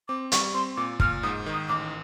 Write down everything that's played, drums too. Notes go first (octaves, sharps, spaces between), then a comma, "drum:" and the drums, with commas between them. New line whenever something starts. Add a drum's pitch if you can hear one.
C4 D6
G3 C#6, drum: hi-hat
C4 C6
A#2 D6
A#2 F6, drum: kick
G#2 D#6
D#3
D#6
A1 D6